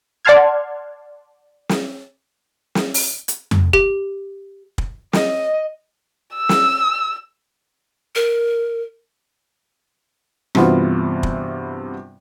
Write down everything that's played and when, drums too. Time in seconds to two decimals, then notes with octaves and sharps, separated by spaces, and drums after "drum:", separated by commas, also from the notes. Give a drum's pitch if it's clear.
0.25 D5 F#5 A5 C6 F6 G#6
1.69 drum: snare
2.75 drum: snare
2.94 drum: open hi-hat
3.28 drum: hi-hat
3.51 drum: tom F2
3.73 G4, drum: kick
4.78 drum: kick
5.13 D#5, drum: snare
6.36 E6
6.49 drum: snare
8.15 A#4
10.55 G2 C3 E3 B3 F4 F#4, drum: rim click
11.23 drum: kick